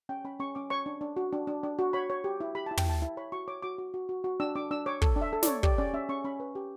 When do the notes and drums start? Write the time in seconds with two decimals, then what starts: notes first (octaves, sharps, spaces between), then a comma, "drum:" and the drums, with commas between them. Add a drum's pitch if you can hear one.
0.09 C#4 G5
0.24 C#4 B5
0.40 C#4 C#6
0.55 C#4 D6
0.70 C#5 C#6
0.86 D4
1.01 D4
1.17 F#4
1.33 D4
1.47 D4
1.63 D4
1.79 F#4
1.93 C#5 B5
2.10 C#5
2.24 G4
2.40 E4
2.55 G4 B5
2.66 E4 A5
2.77 G5, drum: tom
2.86 E4 A5
3.02 E4
3.17 C#5 B5
3.32 F#4 C#6
3.48 C#5 D6
3.63 F#4 D6
3.78 F#4
3.94 F#4
4.09 F#4
4.24 F#4
4.40 D4 E6
4.55 D4 D6
4.71 D4 E6
4.86 C#5 D6
5.02 A4, drum: kick
5.16 D4
5.21 E5
5.33 A4
5.43 C#5 D5, drum: snare
5.63 G4 D5, drum: kick
5.78 C#4 D5
5.94 C#4 E5
6.09 C#4 C#6
6.24 C#4 B5
6.40 B4
6.55 G4